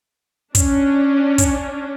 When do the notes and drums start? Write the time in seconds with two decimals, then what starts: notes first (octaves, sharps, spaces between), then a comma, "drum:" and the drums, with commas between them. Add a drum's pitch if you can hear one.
0.55 C#4 D4, drum: kick, hi-hat
1.38 drum: kick, hi-hat